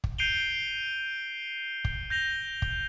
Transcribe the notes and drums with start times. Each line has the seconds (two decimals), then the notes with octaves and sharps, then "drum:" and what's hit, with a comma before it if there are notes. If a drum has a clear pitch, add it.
0.04 drum: kick
0.18 G6 C7 D7 D#7 F7 G7
1.85 drum: kick
2.10 G6 A#6 F7 G7
2.62 drum: kick